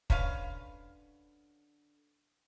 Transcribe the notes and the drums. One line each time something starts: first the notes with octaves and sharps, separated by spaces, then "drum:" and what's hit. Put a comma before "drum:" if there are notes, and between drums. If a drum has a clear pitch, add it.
D3 C#4 B4 F5, drum: kick